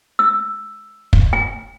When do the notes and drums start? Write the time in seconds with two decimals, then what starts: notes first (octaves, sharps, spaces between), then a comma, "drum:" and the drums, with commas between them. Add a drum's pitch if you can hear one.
0.19 E6
1.13 drum: kick
1.33 G#5